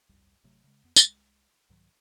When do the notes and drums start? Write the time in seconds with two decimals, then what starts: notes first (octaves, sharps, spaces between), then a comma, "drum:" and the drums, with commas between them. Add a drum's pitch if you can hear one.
0.09 G1 C2 F2 G3
0.44 G#1 C3 F#3 A3
0.64 C#3 G#3
0.84 F2 B3
0.96 C2 G#3, drum: tambourine
1.70 C2 G#2 D#3 F#3